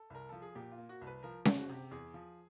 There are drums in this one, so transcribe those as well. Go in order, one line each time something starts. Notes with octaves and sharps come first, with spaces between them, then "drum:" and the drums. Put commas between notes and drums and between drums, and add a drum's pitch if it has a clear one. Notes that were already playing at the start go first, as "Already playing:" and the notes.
Already playing: A4
C2 A#4
F3 A4
G#4
A#2 G4
F4
A#3
F#4
C2
B4
F3 A#4
F#1, drum: snare C#4
F#4
C3 G4
E2 G#4
F3